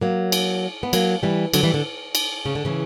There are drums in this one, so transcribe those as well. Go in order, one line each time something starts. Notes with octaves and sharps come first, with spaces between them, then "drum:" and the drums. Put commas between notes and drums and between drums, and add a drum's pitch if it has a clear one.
F#3 A#3
drum: cymbal
B3
F#3 A#3, drum: cymbal
E3 G3
D3 F#3, drum: cymbal
E3 G3
D3
drum: cymbal
C#3
D3
C#3 E3